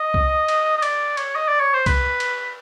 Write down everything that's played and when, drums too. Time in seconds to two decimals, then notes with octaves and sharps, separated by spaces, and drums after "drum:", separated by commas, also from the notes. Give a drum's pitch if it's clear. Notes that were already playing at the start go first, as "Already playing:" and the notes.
Already playing: D#5
0.14 drum: kick C2
0.48 drum: cymbal
0.77 D#5
0.82 D5, drum: cymbal
1.17 C#5, drum: cymbal
1.35 D#5
1.48 D5
1.60 C#5
1.73 C5
1.86 B4, drum: kick C2, cymbal
2.20 drum: cymbal